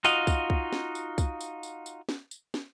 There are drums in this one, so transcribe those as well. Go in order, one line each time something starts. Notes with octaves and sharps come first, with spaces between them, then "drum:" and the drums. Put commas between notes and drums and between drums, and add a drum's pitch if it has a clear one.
D#4 F4 F#4 D#5 F5, drum: tambourine
drum: kick, tambourine
drum: kick
drum: snare
drum: tambourine
drum: kick, tambourine
drum: tambourine
drum: tambourine
drum: tambourine
drum: snare
drum: tambourine
drum: snare